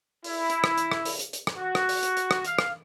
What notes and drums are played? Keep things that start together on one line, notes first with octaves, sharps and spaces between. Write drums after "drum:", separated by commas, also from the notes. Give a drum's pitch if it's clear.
E4, drum: open hi-hat
drum: hi-hat
drum: rim click
drum: hi-hat
drum: rim click
drum: open hi-hat
drum: hi-hat
drum: hi-hat
drum: rim click
F#4
drum: rim click
drum: open hi-hat
drum: hi-hat
drum: hi-hat
drum: rim click
F5, drum: hi-hat
drum: rim click